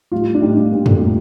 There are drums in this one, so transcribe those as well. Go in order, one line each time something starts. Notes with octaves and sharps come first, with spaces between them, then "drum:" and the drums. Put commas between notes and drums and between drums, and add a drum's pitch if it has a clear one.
A2 G3 F4
D4
A2 G3 D#4
D4
A2 G3 A#3
A4, drum: tom
A2 G3 G4